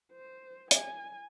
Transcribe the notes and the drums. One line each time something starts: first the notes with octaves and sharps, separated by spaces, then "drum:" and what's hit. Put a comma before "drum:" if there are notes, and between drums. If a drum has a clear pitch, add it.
C5
G#5, drum: hi-hat